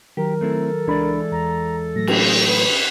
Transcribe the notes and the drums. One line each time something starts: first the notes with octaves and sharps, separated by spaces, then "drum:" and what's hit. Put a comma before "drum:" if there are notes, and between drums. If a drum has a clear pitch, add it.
D#3 F#3 G4 A#4
A3 C4 E4 A4
C#2 E3 G#3 D4 D5 B5
E2 A#5
A2 F#3 A3 A#6
drum: cymbal
B4